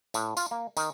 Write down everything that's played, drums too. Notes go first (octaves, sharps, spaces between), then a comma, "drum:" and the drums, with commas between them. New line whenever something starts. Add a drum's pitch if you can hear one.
A2, drum: tambourine
F4, drum: tambourine
A#3
D#3, drum: tambourine